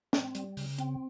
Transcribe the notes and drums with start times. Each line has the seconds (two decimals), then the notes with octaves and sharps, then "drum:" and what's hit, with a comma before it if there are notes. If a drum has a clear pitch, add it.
0.13 C4, drum: snare
0.35 G3, drum: hi-hat
0.57 C#3, drum: open hi-hat
0.78 C4, drum: hi-hat